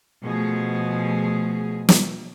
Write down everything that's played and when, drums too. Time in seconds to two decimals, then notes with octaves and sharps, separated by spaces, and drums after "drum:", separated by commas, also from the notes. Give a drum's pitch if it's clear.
0.23 B2 F3 A3 G#4
1.89 drum: snare